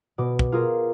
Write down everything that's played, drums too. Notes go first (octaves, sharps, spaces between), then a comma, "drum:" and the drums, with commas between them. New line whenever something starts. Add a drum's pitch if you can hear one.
B2 D6
drum: kick
F4 G#4 A#4